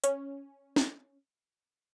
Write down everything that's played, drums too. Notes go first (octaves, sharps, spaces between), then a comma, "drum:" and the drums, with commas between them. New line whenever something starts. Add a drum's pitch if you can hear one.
C#4, drum: hi-hat
drum: snare